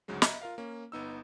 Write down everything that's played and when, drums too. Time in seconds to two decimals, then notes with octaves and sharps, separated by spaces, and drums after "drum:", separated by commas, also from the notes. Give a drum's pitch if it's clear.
0.08 D2 G#2 C#3 F#3 G#3
0.22 D#5 E5 A#5 B5, drum: snare
0.42 F4 A#4 F5
0.58 A#3 C#4
0.92 G1 B3 D#4 E6